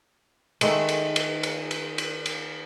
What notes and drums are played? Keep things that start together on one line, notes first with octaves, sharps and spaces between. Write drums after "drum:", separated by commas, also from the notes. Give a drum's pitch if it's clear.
D#3 G#3 A3, drum: cymbal
drum: cymbal
drum: cymbal
drum: cymbal
drum: cymbal
drum: cymbal
drum: cymbal